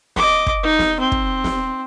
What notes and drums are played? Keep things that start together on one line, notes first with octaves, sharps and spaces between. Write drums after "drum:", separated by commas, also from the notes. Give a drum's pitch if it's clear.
D#5 D6, drum: snare
drum: kick
D#4
drum: snare
C4
drum: kick
drum: snare